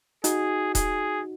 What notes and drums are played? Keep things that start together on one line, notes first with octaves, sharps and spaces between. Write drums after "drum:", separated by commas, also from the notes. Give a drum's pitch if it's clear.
D#4 F#4 G#4, drum: hi-hat
G#4, drum: kick D#1, hi-hat